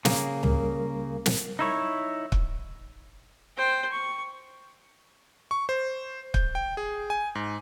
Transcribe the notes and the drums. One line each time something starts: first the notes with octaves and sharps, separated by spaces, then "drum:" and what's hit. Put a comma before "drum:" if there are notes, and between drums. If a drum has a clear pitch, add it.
C#3 A#3, drum: snare
G3 A#4, drum: tom C#2
drum: snare
D#4 E4 C#5
drum: kick
C5 G5
C#6
C#6
C5
G6, drum: kick
G5
G#4
G#5
G#2